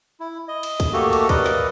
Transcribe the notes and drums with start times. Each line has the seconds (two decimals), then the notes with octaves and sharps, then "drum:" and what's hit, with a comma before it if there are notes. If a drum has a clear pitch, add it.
0.20 E4
0.48 D#5
0.63 drum: cymbal
0.80 drum: kick, cymbal
0.93 A3 A#3 F#4 G4 A4
1.13 drum: cymbal
1.29 A#4 B4 D5 D#5, drum: kick, cymbal
1.46 drum: snare